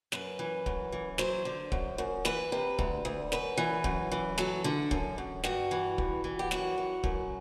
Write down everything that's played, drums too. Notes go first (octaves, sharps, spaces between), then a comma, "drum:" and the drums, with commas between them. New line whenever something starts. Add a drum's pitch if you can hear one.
F#2 B4, drum: snare
E3
F#2, drum: kick
E3
F#3 C5, drum: snare
D3
F#2, drum: kick
F#2
E3 B4, drum: snare
C3
D2, drum: kick
D2
F#2 B4, drum: snare
E3
F#2, drum: kick
E3
F#3 A4, drum: snare
D3
F#2, drum: kick
F#2
G2 F#4, drum: snare
E3
G2, drum: kick
E3
G4
F#2 F#4, drum: snare
E3
F#2, drum: kick